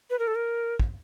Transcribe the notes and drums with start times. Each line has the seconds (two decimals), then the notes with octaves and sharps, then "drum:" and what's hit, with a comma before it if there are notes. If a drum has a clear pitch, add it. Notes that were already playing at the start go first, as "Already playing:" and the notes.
0.10 B4
0.19 A#4
0.27 A4
0.35 A#4
0.80 drum: kick